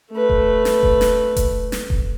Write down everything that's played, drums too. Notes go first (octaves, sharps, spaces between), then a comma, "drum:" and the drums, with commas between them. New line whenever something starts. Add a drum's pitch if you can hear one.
A3 B4
drum: kick E1
drum: snare
drum: kick E1
drum: snare
drum: kick E1, hi-hat
drum: snare
drum: kick E1